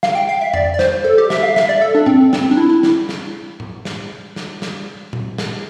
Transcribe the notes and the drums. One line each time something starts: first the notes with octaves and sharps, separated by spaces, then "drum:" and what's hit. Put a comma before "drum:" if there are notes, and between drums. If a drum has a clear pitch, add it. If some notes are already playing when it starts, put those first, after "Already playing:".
F5, drum: snare
G5
F5
E5
D5, drum: tom F2
D5
C5, drum: snare
A4
G4
E5, drum: snare
F5
E5, drum: snare
D5
A4
D4
C4, drum: tom A2
C4, drum: snare
D4
E4
E4
drum: snare
drum: snare
drum: tom A2
drum: snare
drum: snare
drum: snare
drum: tom A#2
drum: snare